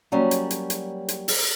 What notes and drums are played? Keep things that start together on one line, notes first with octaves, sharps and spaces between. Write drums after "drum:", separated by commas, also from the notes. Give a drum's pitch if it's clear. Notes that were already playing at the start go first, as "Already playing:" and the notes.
F#3 G3 A#3 C#4
drum: hi-hat
drum: hi-hat
drum: hi-hat
drum: hi-hat
drum: open hi-hat